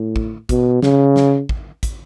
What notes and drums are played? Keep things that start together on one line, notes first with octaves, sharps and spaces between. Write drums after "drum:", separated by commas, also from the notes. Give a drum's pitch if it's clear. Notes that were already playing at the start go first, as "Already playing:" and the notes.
Already playing: A2
drum: kick
B2, drum: kick, hi-hat
C#3, drum: snare
drum: snare
drum: kick
drum: kick, hi-hat